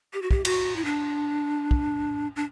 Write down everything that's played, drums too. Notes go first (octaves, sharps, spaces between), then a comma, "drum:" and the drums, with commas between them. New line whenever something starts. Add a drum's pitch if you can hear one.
G4
F#4
G4, drum: kick
F#4, drum: cymbal
E4
D4
drum: kick
D4